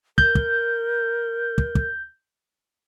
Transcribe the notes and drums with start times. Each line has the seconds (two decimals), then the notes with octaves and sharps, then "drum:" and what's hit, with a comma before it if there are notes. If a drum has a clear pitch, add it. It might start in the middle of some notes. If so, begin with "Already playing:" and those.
0.18 A#4 G6, drum: kick
0.35 drum: kick
1.58 drum: kick
1.75 drum: kick